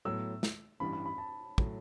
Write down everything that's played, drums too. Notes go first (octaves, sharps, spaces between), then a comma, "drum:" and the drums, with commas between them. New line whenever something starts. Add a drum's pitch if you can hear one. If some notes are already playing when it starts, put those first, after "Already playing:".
A2 F#3 B3 E6
drum: snare
A1 G2 E3 B5
B5
B5
A5
A2 F#3, drum: kick